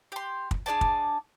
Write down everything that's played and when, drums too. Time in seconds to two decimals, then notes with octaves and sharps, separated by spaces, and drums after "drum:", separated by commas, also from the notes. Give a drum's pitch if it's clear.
0.12 G4 C6
0.51 drum: kick
0.66 D4 G#4 D5 A5
0.81 drum: kick